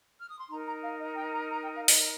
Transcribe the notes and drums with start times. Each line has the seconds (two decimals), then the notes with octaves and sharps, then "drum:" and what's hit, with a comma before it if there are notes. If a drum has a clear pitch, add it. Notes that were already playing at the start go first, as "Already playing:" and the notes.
0.18 F6
0.28 D#6
0.39 C6
0.50 D#4 A#4 A#5
0.67 A#5
0.83 F5
1.01 D#5
1.17 G5
1.33 A#5
1.50 A#5
1.63 G5
1.75 F5
1.88 D#5, drum: open hi-hat